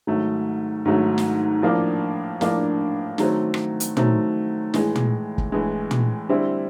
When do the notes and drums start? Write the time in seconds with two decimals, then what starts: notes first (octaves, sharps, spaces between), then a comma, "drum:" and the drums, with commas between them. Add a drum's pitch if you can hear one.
0.07 G#2 D#3 F#3 A3
0.85 G#2 D#3 F#3 A3
1.18 drum: snare
1.62 A2 F3 A#3 D4
2.41 A2 F3 A#3 D4, drum: snare
3.18 D#3 F#3 A3 C4, drum: snare
3.54 drum: rim click
3.80 drum: hi-hat
3.97 D#3 F#3 A3 C4, drum: tom
4.74 A2 E3 G#3, drum: snare
4.96 drum: tom
5.38 drum: kick
5.52 A2 E3 G#3
5.91 drum: tom
6.29 D3 G3 C4 E4